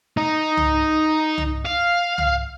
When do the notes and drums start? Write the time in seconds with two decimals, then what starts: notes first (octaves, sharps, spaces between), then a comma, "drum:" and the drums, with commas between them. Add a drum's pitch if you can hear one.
0.17 D#4
0.57 drum: tom C2
1.38 drum: tom C2
1.66 F5
2.18 drum: tom C2